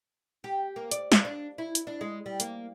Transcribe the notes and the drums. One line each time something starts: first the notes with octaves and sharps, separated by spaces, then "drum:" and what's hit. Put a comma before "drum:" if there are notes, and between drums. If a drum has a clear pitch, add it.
G4
A#3
D5, drum: hi-hat
F4, drum: snare
D4
E4
drum: hi-hat
D4
G#3
G3
A#3, drum: hi-hat